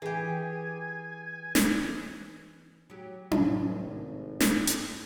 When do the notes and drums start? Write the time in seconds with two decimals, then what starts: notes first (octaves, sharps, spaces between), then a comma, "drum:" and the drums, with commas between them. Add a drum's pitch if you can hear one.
0.02 E3 G4 G#4 G#5
1.55 drum: snare
2.90 F#3 G4
3.31 F2 A2 C3 F3, drum: tom C#4
3.66 G#1
4.40 G2, drum: snare
4.67 drum: hi-hat